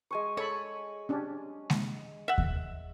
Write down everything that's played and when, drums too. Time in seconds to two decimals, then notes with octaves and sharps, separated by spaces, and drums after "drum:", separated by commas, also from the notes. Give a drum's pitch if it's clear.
0.11 G#3 G#5 C#6
0.37 A4 C#5 B5
1.09 C#4 D4 G4
1.70 drum: snare G#3
2.28 E5 F#5
2.38 drum: kick D#2